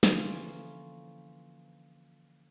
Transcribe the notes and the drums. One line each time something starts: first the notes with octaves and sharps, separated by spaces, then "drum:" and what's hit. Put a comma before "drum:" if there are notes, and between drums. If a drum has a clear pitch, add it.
D3 E3 F3 A#3 C#4 F4, drum: snare